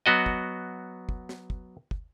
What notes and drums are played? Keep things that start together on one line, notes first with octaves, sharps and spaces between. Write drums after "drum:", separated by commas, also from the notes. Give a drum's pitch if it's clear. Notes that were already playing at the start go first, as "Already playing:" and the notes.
F#3 B3 F#4 D#5
drum: kick
drum: kick
drum: snare
drum: kick
drum: kick